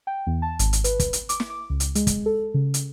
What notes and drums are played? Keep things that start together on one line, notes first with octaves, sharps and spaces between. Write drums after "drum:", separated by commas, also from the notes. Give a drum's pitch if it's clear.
G5
E2
A5
G#1, drum: hi-hat
drum: hi-hat
B4, drum: hi-hat
drum: kick, hi-hat
drum: hi-hat
D6, drum: hi-hat
drum: snare
D6
C#2
drum: hi-hat
G#3, drum: hi-hat
drum: kick, hi-hat
A4
C#3
drum: hi-hat